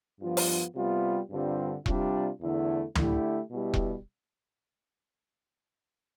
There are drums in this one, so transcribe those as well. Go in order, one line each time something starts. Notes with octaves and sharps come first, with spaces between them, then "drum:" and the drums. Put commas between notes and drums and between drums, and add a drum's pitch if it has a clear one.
G2 F3 B3 F4
drum: open hi-hat
C3 G3 B3 F4
G2 D3 G3 C4 F4
C3 G3 D4 F4, drum: kick E1
E2 D3 A3 E4
D3 A3 E4 G4, drum: tom
B2 G3 B3 E4 G4
drum: kick E1